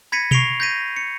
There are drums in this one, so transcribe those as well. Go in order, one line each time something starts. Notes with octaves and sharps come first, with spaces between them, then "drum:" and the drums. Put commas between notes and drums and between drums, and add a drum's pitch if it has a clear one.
B5 G#6 A#6 B6 C#7 D#7
C#6 A#6 C7 D7 F7 G7, drum: tom B2
G6 G#6 A#6 B6 D#7
C#7